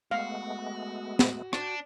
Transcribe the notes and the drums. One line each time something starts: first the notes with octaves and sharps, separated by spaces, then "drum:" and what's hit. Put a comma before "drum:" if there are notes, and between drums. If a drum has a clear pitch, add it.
G#3 A3 B3 F#4 F5
drum: snare
D4 G5, drum: rim click